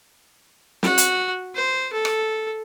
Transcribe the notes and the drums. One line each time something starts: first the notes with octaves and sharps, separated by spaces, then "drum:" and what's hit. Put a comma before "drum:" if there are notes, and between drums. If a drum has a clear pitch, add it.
F#4, drum: snare
drum: hi-hat
C5
A4
drum: rim click